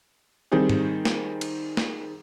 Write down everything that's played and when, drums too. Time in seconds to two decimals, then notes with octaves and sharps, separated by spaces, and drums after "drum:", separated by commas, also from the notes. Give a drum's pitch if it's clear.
0.52 D#3 G3 C4 D#4 G#4
0.69 drum: tom G#2
1.05 drum: snare
1.41 drum: cymbal
1.77 drum: snare